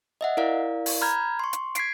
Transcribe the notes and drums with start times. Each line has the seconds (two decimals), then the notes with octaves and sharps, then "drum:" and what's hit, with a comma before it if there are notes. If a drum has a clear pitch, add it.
0.21 D#5 E5 F#5
0.37 E4 A#4 D5 F5
0.86 drum: open hi-hat
1.01 A#5 B5 F6 G6 G#6
1.39 C6 C#6
1.53 drum: hi-hat
1.75 G#6 B6 C7 D7, drum: hi-hat